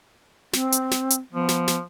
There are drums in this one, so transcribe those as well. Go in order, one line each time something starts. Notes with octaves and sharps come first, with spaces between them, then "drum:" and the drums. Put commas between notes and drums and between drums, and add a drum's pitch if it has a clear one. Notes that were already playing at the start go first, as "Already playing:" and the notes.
C4, drum: snare
drum: hi-hat
drum: snare
drum: hi-hat
F3 B3
drum: snare
drum: snare